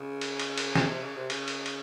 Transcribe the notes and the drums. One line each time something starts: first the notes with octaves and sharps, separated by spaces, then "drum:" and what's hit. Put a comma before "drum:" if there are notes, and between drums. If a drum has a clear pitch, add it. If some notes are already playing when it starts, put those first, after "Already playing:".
Already playing: C#3
drum: cymbal
drum: cymbal
drum: cymbal
C#3, drum: snare
C3
C#3
C3
C#3, drum: cymbal
drum: cymbal
drum: cymbal